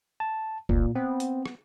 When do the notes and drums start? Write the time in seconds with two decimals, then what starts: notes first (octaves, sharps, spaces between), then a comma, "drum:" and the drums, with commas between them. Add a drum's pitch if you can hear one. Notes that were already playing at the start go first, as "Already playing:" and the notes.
0.20 A5
0.69 F1 A#2, drum: kick C2
0.95 B3 C4
1.20 drum: hi-hat
1.46 drum: rim click